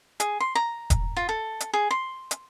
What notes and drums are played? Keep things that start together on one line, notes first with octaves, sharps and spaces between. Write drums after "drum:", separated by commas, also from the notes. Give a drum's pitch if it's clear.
G#4, drum: hi-hat
C6
A#5
drum: kick E1, hi-hat
F4
A4
drum: hi-hat
G#4
C6
drum: hi-hat